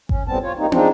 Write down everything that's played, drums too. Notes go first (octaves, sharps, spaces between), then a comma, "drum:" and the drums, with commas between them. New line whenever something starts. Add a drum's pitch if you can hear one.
C#4, drum: kick G#1
D#2 A2 G3 B3 C4 A5
F4 C#5
G3 A#3 C4 D#4
G#3 C4 D4 D#4 F4, drum: tom